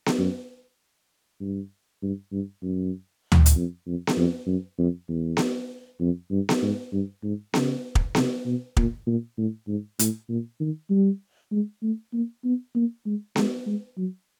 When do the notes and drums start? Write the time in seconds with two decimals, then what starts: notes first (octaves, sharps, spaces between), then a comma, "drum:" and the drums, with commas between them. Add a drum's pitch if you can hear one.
0.06 drum: snare B3
0.18 F#2
1.41 G2
2.02 G2
2.32 G2
2.63 F#2
3.32 drum: tom D2
3.46 drum: hi-hat
3.55 F2
3.86 F2
4.07 drum: snare B3
4.17 F2
4.46 F#2
4.78 F2
5.09 E2
5.37 drum: snare B3
6.00 F2
6.30 G2
6.49 drum: snare B3
6.62 G#2
6.92 G2
7.23 G#2
7.54 C#3, drum: snare B3
7.95 drum: kick
8.15 C3, drum: snare B3
8.45 B2
8.77 A#2, drum: kick
9.07 A#2
9.38 A2
9.68 G#2
9.99 A2, drum: hi-hat
10.29 A#2
10.60 D#3
10.90 G3
11.52 G#3
11.82 A3
12.13 A#3
12.44 B3
12.75 A#3
13.06 G#3
13.36 G#3, drum: snare B3
13.66 G#3
13.97 F#3